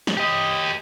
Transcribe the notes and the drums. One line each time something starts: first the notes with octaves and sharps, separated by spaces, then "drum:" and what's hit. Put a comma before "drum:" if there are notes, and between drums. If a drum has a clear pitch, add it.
drum: snare
G4 D#5